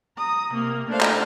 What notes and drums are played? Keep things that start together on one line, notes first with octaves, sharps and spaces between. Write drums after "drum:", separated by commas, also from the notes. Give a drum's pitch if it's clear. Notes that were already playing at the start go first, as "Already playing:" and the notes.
A#5 D#6
C3 A#3
A3 D4 C5 F5
drum: clap